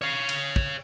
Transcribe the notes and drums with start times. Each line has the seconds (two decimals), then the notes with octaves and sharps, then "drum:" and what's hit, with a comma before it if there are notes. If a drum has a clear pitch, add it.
0.02 C#5 F5
0.29 drum: cymbal
0.56 drum: kick